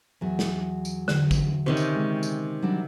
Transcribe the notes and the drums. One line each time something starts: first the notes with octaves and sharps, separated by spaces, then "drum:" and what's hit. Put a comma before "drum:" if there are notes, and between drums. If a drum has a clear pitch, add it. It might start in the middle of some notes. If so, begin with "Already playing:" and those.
E2 F#3
drum: snare
drum: tambourine
D3, drum: snare
drum: kick, tambourine
C3 D#3 C#4
drum: tambourine
G#3
drum: tambourine
F#3 G3 D4